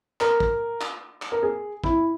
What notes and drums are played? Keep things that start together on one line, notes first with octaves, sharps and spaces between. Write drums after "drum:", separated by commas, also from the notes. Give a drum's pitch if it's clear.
A#4, drum: clap
drum: kick
drum: clap
drum: clap
A#4
G#4
E4, drum: kick